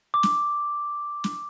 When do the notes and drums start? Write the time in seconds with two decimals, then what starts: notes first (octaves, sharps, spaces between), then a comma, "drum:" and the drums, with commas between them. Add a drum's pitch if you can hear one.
0.14 D6
0.23 drum: snare
1.24 drum: snare